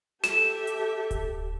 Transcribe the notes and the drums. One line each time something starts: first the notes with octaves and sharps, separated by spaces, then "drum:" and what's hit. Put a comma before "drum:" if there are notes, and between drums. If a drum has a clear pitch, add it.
G4 A4 E5 E7, drum: snare
drum: hi-hat
drum: kick D1, hi-hat